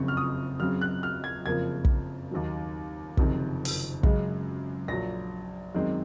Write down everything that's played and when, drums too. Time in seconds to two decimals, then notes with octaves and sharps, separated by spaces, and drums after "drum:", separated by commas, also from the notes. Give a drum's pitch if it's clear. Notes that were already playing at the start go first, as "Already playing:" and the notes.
Already playing: F#1 F2 C#3 F#3 C4 C#6
0.08 F6
0.17 D#6
0.60 F#2 C#3 F#3 C4 F6
0.81 F#6
1.03 F6
1.24 G#6
1.46 F#1 F2 C#3 F3 A#3 G#6
1.85 drum: kick
2.31 D#2 D#3 F#3
3.17 F#1 F2 C3 D#3, drum: kick
3.65 drum: open hi-hat
4.03 F#2 C#3 G#3, drum: kick
4.88 A#1 A#2 F#3 A#6
5.75 F#2 D#3 G#3 C4